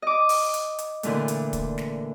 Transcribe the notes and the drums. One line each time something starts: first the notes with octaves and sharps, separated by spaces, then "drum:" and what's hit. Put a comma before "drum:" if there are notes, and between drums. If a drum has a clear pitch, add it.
D#5 D6
drum: open hi-hat
drum: hi-hat
drum: hi-hat
A#2 D3 E3 A3, drum: hi-hat
drum: hi-hat
drum: kick, hi-hat
drum: snare